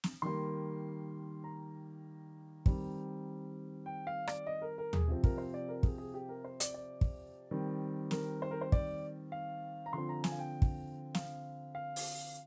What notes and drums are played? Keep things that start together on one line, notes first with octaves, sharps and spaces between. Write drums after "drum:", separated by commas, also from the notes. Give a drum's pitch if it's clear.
drum: snare
D#3 G3 A#3 C6
A#5
D#3 G3 C4, drum: kick
G5
F5
D5, drum: rim click
D#5
A#4
A#4
G#4, drum: tom D#2
C3 F3 C4
A#4, drum: kick
C5
D5
A#4
G#4, drum: kick
G#4
G4
A#4
C5
D5, drum: hi-hat
D5
drum: kick
D#3 G3 C4
A#4, drum: snare
C5
A#4
C5
D5, drum: kick
F5
A#5
D3 F3 C4 C6
A#5
G#5, drum: snare
F5
G5
drum: kick
F5, drum: snare
F5
drum: open hi-hat